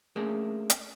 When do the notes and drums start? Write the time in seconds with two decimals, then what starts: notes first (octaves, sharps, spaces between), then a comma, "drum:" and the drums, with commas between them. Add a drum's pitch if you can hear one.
0.16 A3 A#3 C#4 D4 G#4 A#4
0.70 drum: hi-hat